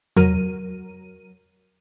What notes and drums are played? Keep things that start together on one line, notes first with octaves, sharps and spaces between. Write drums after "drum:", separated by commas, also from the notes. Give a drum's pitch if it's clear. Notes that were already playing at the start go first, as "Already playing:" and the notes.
F#3 A#4 D#7, drum: tom E2